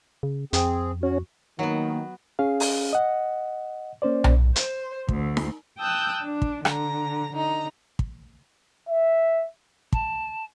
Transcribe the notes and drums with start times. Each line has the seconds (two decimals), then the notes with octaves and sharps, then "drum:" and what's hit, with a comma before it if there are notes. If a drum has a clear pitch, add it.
0.23 C#3
0.53 F2 C4 G#4, drum: hi-hat
1.03 C#4 F#4
1.59 D#3 F#3 A#3 B3
2.39 C#4 G#4 F5
2.60 drum: open hi-hat
2.93 D#5 F#5
4.02 A#3 C#4 C5 D5
4.24 drum: tom B1
4.56 C5, drum: hi-hat
5.09 D2, drum: kick
5.37 drum: snare D#4
5.80 G5 A5 D#6 E6 F#6 G6
6.24 D4
6.42 drum: kick
6.65 D3 A#5, drum: rim click
7.34 D3 D#4 A#5
7.99 drum: kick
8.88 E5
9.93 A5, drum: kick